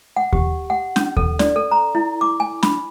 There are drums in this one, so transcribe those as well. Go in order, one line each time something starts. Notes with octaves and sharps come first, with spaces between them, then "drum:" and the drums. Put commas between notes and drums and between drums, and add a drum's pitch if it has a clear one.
F#5
G4, drum: kick D#2
F#5
C#4, drum: snare
A4, drum: kick D#2
D5, drum: snare
A4
A#5
E4
D6
G#5
B5, drum: snare